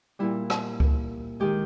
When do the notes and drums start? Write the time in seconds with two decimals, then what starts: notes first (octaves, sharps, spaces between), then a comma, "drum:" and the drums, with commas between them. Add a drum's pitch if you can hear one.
0.19 A#2 G3 E4
0.50 drum: rim click
0.80 drum: kick C#2
1.40 D#3 G#3 G4